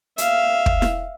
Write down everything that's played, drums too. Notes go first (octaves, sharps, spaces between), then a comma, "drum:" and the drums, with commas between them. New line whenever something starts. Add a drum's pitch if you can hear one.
E5 F5, drum: hi-hat
drum: kick
drum: snare E4